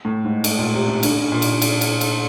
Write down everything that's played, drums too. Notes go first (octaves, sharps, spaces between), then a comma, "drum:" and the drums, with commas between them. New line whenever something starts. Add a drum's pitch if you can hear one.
A2
G#2
A2, drum: cymbal
A#2
C3
C#3
D3, drum: cymbal
C#3
A#2
drum: cymbal
drum: cymbal
drum: cymbal
drum: cymbal